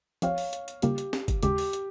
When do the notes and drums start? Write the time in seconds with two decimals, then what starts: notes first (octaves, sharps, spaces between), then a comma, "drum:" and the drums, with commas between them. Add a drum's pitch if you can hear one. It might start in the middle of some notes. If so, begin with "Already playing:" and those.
0.22 F3 C4 G4 C#5 F5, drum: hi-hat
0.38 drum: open hi-hat
0.53 drum: hi-hat
0.68 drum: hi-hat
0.82 C#3 G3 A#3 F4 G4, drum: hi-hat
0.98 drum: hi-hat
1.13 drum: snare
1.28 drum: kick, hi-hat
1.43 D#2 C#3 G#3 G4, drum: hi-hat
1.58 drum: open hi-hat
1.73 drum: hi-hat